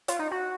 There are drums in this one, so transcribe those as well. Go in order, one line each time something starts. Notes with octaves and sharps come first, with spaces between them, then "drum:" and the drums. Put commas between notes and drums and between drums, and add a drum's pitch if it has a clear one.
F4, drum: hi-hat
D#4
F#4